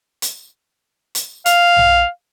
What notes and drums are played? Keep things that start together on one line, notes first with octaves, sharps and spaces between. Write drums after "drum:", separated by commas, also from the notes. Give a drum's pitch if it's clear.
drum: hi-hat
drum: hi-hat
F5, drum: hi-hat
drum: tom B1